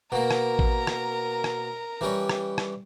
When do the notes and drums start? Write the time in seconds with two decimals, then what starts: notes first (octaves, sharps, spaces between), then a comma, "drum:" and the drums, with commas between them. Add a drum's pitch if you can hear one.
0.12 B2 A#3 A#4 A#5
0.31 drum: rim click
0.59 drum: kick A1
0.87 drum: rim click
1.44 drum: rim click
2.01 E3 G3 C#4
2.29 drum: rim click
2.58 drum: rim click